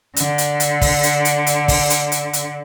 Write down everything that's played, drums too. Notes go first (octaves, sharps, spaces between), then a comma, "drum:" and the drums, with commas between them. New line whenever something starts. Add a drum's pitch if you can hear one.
D3, drum: hi-hat
drum: hi-hat
drum: hi-hat
drum: kick, open hi-hat
drum: hi-hat
drum: hi-hat
drum: hi-hat
drum: kick, open hi-hat
drum: hi-hat
drum: hi-hat
drum: hi-hat